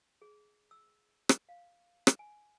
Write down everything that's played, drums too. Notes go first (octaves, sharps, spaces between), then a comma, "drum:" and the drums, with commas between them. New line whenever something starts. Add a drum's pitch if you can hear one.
G#4
E6
drum: rim click
F5
drum: rim click
G#5